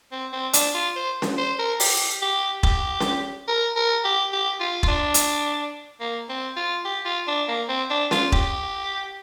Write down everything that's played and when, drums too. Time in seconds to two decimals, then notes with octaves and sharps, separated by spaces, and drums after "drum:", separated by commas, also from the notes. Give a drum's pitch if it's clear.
0.12 C4
0.33 C4
0.53 D4, drum: hi-hat
0.74 F4
0.96 C5
1.22 drum: snare C#4
1.38 C5
1.59 A#4
1.80 G4, drum: open hi-hat
2.22 G4
2.63 G4, drum: kick E1
3.00 drum: snare C#4
3.48 A#4
3.76 A#4
4.04 G4
4.32 G4
4.60 F4
4.83 F4, drum: kick E1
4.88 D4
5.14 drum: hi-hat
6.00 A#3
6.29 C4
6.56 F4
6.85 G4
7.05 F4
7.27 D4
7.48 A#3
7.69 C4
7.90 D4
8.11 F4, drum: snare C#4
8.32 G4, drum: kick E1